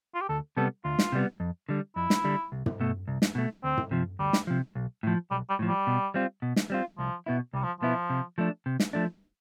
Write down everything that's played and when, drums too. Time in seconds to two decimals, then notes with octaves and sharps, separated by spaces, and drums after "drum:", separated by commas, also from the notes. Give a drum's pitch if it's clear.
0.14 F4
0.21 G4
0.29 D2 A4
0.57 C3 G3 B3 A4
0.84 D2 F4
0.99 drum: snare
1.12 C3 G3 B3
1.40 F2
1.69 D3 G3
1.96 F2 E4
2.10 drum: snare
2.24 D3 G3
2.52 C2
2.66 drum: tom
2.80 B2 A3
3.08 C2
3.22 drum: snare
3.35 B2 A3
3.64 D2 C4
3.77 drum: tom
3.91 C3 F3
4.19 D2 G3
4.33 drum: snare
4.47 C3 F3
4.75 B1
5.03 A2 F3
5.31 B1 G3
5.49 G3
5.59 A2 F3
5.68 G3
5.87 B2
6.14 G3 C4 F4
6.42 B2
6.56 drum: snare
6.70 G3 C4 F4
6.98 C2 F3
7.26 B2 B3 E4
7.54 C2 G3
7.63 F3
7.80 B2 F3 B3 E4
8.10 C3
8.38 F3 A3 D4
8.66 C3
8.80 drum: snare
8.93 F3 A3 D4